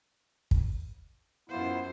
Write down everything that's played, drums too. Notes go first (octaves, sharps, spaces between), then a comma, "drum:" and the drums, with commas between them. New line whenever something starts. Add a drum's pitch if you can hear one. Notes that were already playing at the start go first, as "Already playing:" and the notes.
drum: kick
F#2 B3 E4 F4 C5